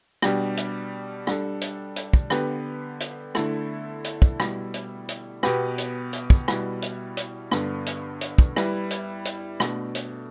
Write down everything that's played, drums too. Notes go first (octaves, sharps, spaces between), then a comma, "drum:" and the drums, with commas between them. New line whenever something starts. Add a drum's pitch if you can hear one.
B2 G3 D4 G4, drum: rim click
drum: hi-hat
G3 D4 A4, drum: rim click
drum: hi-hat
drum: hi-hat
drum: kick
D3 B3 G4 B4, drum: rim click
drum: hi-hat
D3 A3 E4 A4, drum: rim click
drum: hi-hat
drum: kick
B2 G3 E4, drum: rim click
drum: hi-hat
drum: hi-hat
B2 B3 G4 B4, drum: rim click
drum: hi-hat
drum: hi-hat
drum: kick
B2 G3 E4 B4, drum: rim click
drum: hi-hat
drum: hi-hat
G2 D3 B3, drum: rim click
drum: hi-hat
drum: hi-hat
drum: kick
G3 E4 B4, drum: rim click
drum: hi-hat
drum: hi-hat
B2 A3 D4 A4, drum: rim click
drum: hi-hat